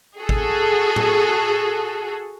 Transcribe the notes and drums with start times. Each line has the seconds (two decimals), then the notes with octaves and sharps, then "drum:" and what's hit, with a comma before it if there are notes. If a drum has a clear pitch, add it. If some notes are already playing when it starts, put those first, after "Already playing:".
0.20 F#4 G#4 A4
0.29 drum: kick G#1
0.96 drum: tom A2